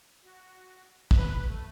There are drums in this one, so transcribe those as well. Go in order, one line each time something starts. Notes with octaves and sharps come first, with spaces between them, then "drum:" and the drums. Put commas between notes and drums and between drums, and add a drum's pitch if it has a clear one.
F#4
B4, drum: kick
A3